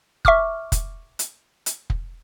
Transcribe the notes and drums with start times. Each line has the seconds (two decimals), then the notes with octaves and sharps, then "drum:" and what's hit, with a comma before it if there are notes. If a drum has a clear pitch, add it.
0.25 E5 C#6 D6 F6, drum: kick
0.72 drum: kick, hi-hat
1.19 drum: hi-hat
1.66 drum: hi-hat
1.90 drum: kick